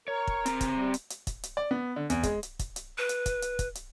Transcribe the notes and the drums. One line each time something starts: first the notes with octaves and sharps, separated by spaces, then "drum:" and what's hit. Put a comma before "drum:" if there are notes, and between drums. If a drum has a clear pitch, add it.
A#4 C#5
drum: kick
C4 A#5, drum: hi-hat
drum: kick, hi-hat
G3
drum: hi-hat
drum: hi-hat
drum: kick, hi-hat
drum: hi-hat
D5
B3
D3
E2, drum: hi-hat
G#3, drum: kick, hi-hat
drum: hi-hat
drum: kick, hi-hat
drum: hi-hat
B4
drum: hi-hat
drum: kick, hi-hat
drum: hi-hat
drum: kick, hi-hat
drum: hi-hat